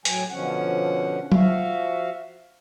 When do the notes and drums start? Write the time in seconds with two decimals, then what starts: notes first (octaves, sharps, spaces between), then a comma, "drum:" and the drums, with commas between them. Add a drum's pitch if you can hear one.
0.05 A2 F#3 G5 G#5, drum: hi-hat
0.30 B2 D3 F3 C#4 F#5
1.32 F3 F#4 E5 F5, drum: tom F#3